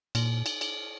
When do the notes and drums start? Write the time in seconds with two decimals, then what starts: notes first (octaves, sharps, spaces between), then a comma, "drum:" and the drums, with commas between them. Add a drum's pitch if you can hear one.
0.15 A#2, drum: cymbal
0.46 drum: cymbal
0.61 drum: cymbal